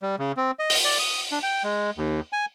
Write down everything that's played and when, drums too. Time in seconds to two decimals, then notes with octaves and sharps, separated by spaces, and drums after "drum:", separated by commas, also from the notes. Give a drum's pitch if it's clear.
0.02 G3
0.19 C#3
0.37 C4
0.59 D#5
0.70 drum: open hi-hat
0.84 D5
0.99 D#6
1.32 D4
1.43 G5
1.64 G#3
1.98 D#2
2.33 G#5